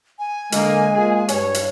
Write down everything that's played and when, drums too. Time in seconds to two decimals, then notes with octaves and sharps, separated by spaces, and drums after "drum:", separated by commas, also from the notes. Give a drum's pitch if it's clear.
0.19 G#5
0.52 D3 G#3 A#3, drum: hi-hat
0.94 A#3 F4 G#4
1.28 G2 C#5, drum: hi-hat
1.54 drum: hi-hat